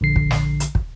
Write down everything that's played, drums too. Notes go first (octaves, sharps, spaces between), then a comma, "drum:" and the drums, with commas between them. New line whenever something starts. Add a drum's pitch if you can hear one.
A#1 D3 C7
drum: kick
drum: snare
drum: hi-hat
drum: kick